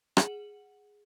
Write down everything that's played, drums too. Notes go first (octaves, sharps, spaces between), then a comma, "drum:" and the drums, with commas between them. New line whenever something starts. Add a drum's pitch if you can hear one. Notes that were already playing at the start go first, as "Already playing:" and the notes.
G#4 F#5 F#7, drum: rim click